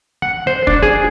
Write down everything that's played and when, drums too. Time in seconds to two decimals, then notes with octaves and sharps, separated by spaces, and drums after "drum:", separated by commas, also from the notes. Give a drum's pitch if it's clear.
0.22 F#5
0.47 C5
0.67 D4, drum: kick
0.83 G#4